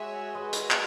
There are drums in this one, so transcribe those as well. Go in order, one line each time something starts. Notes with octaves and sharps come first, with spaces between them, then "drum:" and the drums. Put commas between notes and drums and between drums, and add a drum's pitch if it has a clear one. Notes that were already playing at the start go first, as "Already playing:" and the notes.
Already playing: G#3 F#4 C#5 E5 G#5
G#3 F#4 B4 D#5
drum: hi-hat
drum: clap